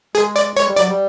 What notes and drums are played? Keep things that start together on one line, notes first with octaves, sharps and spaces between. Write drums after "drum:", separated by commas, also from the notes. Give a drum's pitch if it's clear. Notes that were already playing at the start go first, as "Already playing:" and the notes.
G#3 G#4, drum: hi-hat
D5, drum: hi-hat
G#3 C#5, drum: hi-hat
G3
F#3 D5, drum: hi-hat
G3